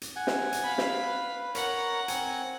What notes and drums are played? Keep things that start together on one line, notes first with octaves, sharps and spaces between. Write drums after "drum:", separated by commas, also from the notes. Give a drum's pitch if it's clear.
drum: hi-hat
F#5 G#5
drum: snare
drum: hi-hat
F5 B5
drum: snare
B4
A#4 C#5 F#5 A#5, drum: hi-hat
C4 G#5, drum: hi-hat